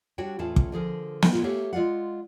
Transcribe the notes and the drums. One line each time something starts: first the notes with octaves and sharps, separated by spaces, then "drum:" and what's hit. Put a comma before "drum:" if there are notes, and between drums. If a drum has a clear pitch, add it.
G3 D4 F#4 C#5 G5
E2 A2 C#4 F4 G#4 A5
drum: kick
D3 F3 G#4 A#4
drum: snare
A#2 G#3 B3 F4
A3 G4 C#5 E5 F5
G#3 F4 D5 F5 F#5